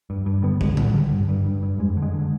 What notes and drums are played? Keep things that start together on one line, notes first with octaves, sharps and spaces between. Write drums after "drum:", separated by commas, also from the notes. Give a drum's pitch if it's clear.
G2
G2
D3 B3
D3 G#3, drum: kick
D3 G3, drum: tom A2
D3 G3
G2
G2
G2
G2
F2 G#3
D3
G#3
D3